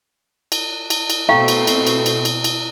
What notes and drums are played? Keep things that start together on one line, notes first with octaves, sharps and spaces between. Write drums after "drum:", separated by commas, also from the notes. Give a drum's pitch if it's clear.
drum: cymbal
drum: cymbal
drum: cymbal
B2 A3 C4 F5 G5 A#5 C#6
drum: cymbal
drum: cymbal
drum: cymbal
drum: cymbal
drum: cymbal
drum: cymbal